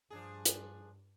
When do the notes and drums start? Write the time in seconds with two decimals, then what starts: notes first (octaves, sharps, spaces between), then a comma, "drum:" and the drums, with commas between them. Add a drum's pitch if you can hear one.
0.10 G2 F3 D4 G#4
0.45 drum: hi-hat